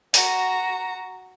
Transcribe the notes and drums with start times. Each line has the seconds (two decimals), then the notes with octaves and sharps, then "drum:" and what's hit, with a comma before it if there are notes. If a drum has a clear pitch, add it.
0.14 F#4 A#5, drum: hi-hat